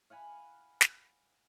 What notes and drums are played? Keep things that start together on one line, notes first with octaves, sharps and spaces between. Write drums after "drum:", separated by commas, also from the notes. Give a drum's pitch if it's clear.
F5 F#5 G#5 B5
drum: snare